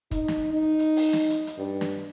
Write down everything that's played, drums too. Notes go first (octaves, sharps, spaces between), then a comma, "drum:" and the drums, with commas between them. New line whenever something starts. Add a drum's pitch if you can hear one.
D#4, drum: kick, hi-hat
drum: snare
D#4
drum: hi-hat
drum: open hi-hat
drum: snare
drum: hi-hat
drum: hi-hat
G2
drum: snare